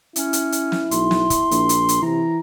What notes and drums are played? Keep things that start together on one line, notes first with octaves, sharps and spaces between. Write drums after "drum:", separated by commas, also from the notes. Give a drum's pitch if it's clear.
C#4 E4, drum: hi-hat
drum: hi-hat
drum: hi-hat
drum: snare
B1 C6, drum: hi-hat
drum: snare
drum: kick, hi-hat
A#1, drum: hi-hat
drum: hi-hat
drum: hi-hat
C3 E3 A#5